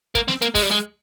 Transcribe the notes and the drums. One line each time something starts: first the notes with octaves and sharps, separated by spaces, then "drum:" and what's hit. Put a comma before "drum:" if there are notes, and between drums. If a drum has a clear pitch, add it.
A#3, drum: kick, hi-hat
C4, drum: snare
A#3, drum: hi-hat
G#3, drum: kick, open hi-hat
G3
G#3